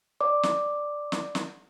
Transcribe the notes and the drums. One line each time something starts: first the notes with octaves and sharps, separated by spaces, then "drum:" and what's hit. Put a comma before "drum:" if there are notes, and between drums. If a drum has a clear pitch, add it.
D5 D6
drum: snare
drum: snare
drum: snare